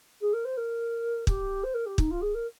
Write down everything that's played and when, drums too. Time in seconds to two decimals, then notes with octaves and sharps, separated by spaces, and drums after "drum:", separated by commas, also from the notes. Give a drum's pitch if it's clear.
0.21 G#4
0.33 A#4
0.45 C5
0.57 A#4
1.27 G4, drum: kick
1.63 C5
1.74 A#4
1.86 G4
1.98 D#4, drum: kick
2.11 F4
2.21 G#4
2.34 A#4